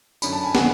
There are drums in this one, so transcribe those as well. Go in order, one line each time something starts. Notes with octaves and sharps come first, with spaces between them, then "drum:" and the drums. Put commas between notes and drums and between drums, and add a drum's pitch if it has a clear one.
F#2 D3 B5, drum: tambourine
A5
G#5
D3 F#5, drum: snare